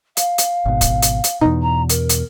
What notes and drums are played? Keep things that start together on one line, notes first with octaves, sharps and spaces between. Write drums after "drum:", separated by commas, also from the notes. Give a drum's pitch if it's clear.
F5, drum: hi-hat
drum: hi-hat
G#1 B2
drum: kick, hi-hat
drum: hi-hat
drum: hi-hat
E2 B2 D#4
A#5
A#4, drum: hi-hat
drum: hi-hat